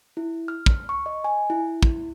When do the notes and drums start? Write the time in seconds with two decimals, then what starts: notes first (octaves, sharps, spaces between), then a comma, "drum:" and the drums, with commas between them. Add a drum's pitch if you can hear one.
0.17 E4
0.48 F6
0.66 drum: kick
0.89 C#6
1.06 D#5
1.24 G#5
1.50 E4
1.83 drum: kick